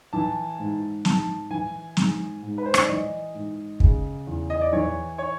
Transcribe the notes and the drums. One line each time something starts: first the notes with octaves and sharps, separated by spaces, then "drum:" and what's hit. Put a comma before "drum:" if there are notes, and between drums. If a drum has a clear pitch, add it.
E3 A5
G#2
G#2 A5, drum: snare
E3 G#5
G#2, drum: snare
G#2
B4
C5
C#5, drum: rim click
D5
E3 D#5
G#2
C#3, drum: kick
E2
D#5
D5
E3 C#5
C#5